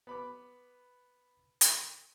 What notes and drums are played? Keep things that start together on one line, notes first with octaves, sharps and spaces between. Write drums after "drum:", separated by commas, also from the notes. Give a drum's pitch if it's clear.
B3 B5 D6
drum: hi-hat